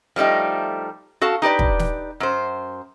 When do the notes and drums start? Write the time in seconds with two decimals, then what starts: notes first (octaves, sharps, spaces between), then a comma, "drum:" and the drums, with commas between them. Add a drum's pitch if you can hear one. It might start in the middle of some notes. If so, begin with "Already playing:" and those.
0.16 F3 G3 A3 D#4 G4
1.21 F#4 A4 F5 A5
1.42 D#4 G4 B4 D5
1.59 drum: kick
1.79 drum: snare
2.20 F#2 C5